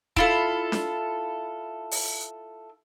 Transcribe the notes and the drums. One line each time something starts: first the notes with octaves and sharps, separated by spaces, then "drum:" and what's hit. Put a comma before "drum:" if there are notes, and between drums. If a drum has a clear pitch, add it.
E4 F4 A4, drum: kick
drum: snare D4
drum: open hi-hat